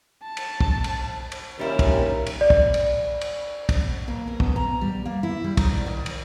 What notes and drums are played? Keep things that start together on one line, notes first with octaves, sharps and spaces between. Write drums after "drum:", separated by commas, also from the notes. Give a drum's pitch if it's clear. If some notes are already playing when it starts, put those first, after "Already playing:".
A5
drum: cymbal
drum: kick
drum: cymbal
drum: cymbal
D#2 G3 C#4 E4 F4 A#4
drum: kick, cymbal
drum: cymbal
D5
drum: kick
drum: cymbal
drum: cymbal
drum: kick, cymbal
A#3
A#4
B2, drum: kick
A#5
G3
A#3
E4
G3
D#4, drum: kick, cymbal
D5
D#3
drum: cymbal